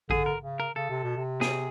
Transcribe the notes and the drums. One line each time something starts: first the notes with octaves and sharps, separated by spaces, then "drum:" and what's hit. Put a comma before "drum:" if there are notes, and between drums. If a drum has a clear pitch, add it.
D3 G#4, drum: kick A1
A#4
C#3
A#4
C#3 A4
C3
B2
C3
G#4, drum: snare